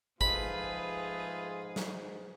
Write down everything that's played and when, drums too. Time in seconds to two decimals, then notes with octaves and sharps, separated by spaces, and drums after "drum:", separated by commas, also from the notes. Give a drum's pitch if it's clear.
0.21 G#2 F3 A3 F4 G#4 B4 B5, drum: kick
1.76 drum: snare